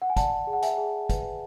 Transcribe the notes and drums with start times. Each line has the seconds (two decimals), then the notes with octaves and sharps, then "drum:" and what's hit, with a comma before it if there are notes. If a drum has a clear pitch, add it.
0.02 F#5
0.10 G#5
0.17 D5 F#5 A5, drum: kick, hi-hat
0.47 G#4
0.53 F#5
0.62 E5 G#5, drum: hi-hat
0.78 G#4
1.10 B4, drum: kick, hi-hat